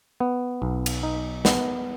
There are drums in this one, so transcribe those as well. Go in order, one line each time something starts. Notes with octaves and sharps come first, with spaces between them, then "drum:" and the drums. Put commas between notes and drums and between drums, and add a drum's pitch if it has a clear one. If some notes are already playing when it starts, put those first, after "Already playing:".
B3
B1
drum: cymbal
D#4
B3, drum: snare